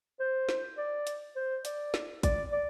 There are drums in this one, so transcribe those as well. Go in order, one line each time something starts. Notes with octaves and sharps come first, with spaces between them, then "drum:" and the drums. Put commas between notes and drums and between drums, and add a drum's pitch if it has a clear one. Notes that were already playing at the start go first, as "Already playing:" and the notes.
C5
drum: snare
D5
drum: hi-hat
C5
D5, drum: hi-hat
drum: snare
D5, drum: kick, hi-hat
D5